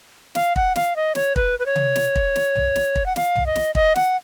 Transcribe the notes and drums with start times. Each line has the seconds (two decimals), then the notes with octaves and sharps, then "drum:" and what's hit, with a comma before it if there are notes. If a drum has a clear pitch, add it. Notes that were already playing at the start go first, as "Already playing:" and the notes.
0.35 F5, drum: snare
0.56 F#5, drum: kick
0.76 F5, drum: snare
0.96 D#5
1.15 C#5, drum: snare
1.36 B4, drum: kick
1.59 B4
1.66 C#5
1.76 drum: tom C3
1.96 drum: snare
2.16 drum: kick
2.36 drum: snare
2.56 drum: tom
2.76 drum: snare
2.96 drum: kick
3.06 F#5
3.16 F5, drum: snare
3.36 drum: tom
3.46 D#5
3.55 drum: snare
3.75 D#5, drum: kick
3.95 F#5, drum: snare